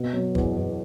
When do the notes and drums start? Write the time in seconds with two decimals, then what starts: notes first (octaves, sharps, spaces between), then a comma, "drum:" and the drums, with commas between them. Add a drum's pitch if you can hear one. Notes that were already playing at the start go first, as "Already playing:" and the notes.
Already playing: B2
0.13 F#3
0.35 E2, drum: kick
0.56 E2